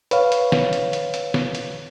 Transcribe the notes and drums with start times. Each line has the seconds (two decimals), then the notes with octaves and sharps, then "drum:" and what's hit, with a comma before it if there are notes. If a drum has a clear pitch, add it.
0.11 B4 C#5 F5, drum: hi-hat
0.32 drum: hi-hat
0.52 drum: snare
0.73 drum: hi-hat
0.93 drum: hi-hat
1.14 drum: hi-hat
1.34 drum: snare
1.55 drum: hi-hat